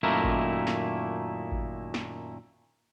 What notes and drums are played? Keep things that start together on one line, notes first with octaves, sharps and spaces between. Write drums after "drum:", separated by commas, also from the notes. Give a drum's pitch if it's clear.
F#2 A#2 D#3 A3 A#3 E4
drum: kick G#1
drum: snare
drum: kick G#1
drum: snare